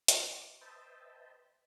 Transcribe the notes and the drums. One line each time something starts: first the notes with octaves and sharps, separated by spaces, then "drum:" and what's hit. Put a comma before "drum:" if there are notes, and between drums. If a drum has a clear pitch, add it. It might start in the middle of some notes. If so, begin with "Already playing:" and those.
drum: hi-hat
D6
B4 C5 D#5 E5 G5 A5